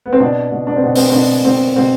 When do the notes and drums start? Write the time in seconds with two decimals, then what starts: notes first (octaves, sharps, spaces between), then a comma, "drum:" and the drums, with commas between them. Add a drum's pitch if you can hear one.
0.06 B3
0.13 C4
0.20 B2 D4
0.51 B2
0.67 D4
0.76 C4
0.83 B2 B3
0.96 C4, drum: open hi-hat
1.10 C4
1.13 B2 D4
1.44 B2 C4
1.76 B2 C4